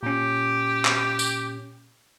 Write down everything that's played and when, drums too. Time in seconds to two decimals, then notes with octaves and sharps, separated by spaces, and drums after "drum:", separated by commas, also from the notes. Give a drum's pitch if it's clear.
0.03 A#2 C#4 G4
0.85 drum: clap
1.19 drum: tambourine